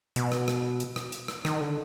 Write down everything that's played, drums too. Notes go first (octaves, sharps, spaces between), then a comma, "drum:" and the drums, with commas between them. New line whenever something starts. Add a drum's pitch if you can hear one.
B2, drum: hi-hat
drum: rim click
drum: rim click
drum: hi-hat
drum: rim click
drum: hi-hat
drum: rim click
D#3, drum: rim click
D3